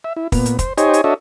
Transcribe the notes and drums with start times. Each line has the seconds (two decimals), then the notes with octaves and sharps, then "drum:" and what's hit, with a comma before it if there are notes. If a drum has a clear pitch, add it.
0.04 E5
0.17 E4
0.32 A#2 B3, drum: kick, open hi-hat
0.46 drum: hi-hat
0.59 C5, drum: kick, hi-hat
0.78 D#4 G4 C5 C#5 D#5 G#5, drum: hi-hat
0.94 drum: hi-hat
1.04 D4 F#4 A4 C#5 D#5 E5